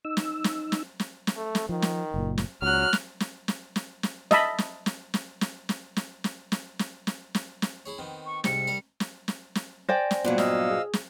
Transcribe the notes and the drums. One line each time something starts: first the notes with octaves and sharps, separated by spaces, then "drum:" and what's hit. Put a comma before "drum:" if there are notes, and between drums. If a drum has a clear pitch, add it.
D#4 E6
drum: snare
drum: snare
drum: snare
drum: snare
drum: snare
A3
drum: snare
D#3 F3
drum: snare
F#1 A#2
drum: snare
C#2 F#3 F6 F#6
drum: snare
drum: snare
drum: snare
drum: snare
drum: snare
D#5 E5 A5 B5, drum: snare
drum: snare
drum: snare
drum: snare
drum: snare
drum: snare
drum: snare
drum: snare
drum: snare
drum: snare
drum: snare
drum: snare
drum: snare
E4 G#4 C#5
D#3 B3 C4
C#6
C2 G#2 C3 C#7, drum: snare
G3 A#4 F5
drum: snare
drum: snare
drum: snare
C5 D5 G5 G#5 A#6
drum: snare
G2 A#2 F#3 B3 F4 F#5
D#5 F5 E6, drum: snare
G#4
drum: snare